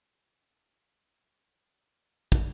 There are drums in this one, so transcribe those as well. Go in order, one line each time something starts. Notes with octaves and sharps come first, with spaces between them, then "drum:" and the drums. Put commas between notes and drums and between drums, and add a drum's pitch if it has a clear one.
D#3
A#3 D#4 G4
D#3
drum: kick